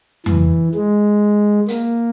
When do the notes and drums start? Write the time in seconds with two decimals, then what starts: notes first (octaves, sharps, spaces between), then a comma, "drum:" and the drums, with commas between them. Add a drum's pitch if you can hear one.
0.26 E3, drum: tom F2
0.74 G#3
1.68 A#3, drum: hi-hat